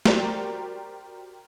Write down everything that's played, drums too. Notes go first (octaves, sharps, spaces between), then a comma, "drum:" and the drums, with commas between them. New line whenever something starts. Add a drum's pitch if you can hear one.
F#4 G4 A#4 C5 D5, drum: snare